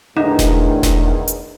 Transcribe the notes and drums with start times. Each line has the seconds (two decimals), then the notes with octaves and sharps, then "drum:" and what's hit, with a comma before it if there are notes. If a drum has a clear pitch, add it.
0.17 E2 A2 D3 D#3 D#4
0.39 drum: snare E1
0.83 drum: snare E1
1.28 drum: hi-hat